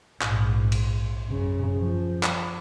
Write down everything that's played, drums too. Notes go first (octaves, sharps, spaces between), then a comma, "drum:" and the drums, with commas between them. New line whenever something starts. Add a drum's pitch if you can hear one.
A#1 G#2, drum: clap
drum: cymbal
F#1 C#3
F3
drum: clap